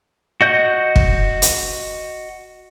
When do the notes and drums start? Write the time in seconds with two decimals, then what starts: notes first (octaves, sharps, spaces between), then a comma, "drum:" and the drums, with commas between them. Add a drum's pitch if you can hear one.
0.41 F#4 D#5 G6
0.96 drum: kick
1.42 drum: hi-hat